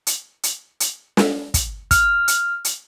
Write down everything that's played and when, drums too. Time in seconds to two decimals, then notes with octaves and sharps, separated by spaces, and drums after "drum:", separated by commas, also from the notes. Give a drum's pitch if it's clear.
0.07 drum: hi-hat
0.43 drum: hi-hat
0.80 drum: hi-hat
1.17 drum: snare
1.54 drum: kick, hi-hat
1.91 F6, drum: kick, hi-hat
2.28 drum: hi-hat
2.65 drum: hi-hat